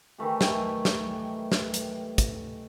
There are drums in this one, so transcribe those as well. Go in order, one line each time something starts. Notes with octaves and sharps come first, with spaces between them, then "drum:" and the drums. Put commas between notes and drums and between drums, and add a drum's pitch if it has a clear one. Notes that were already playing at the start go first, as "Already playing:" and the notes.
D#3 E3 A3 G4
drum: snare
drum: snare
drum: snare
drum: hi-hat
drum: kick, hi-hat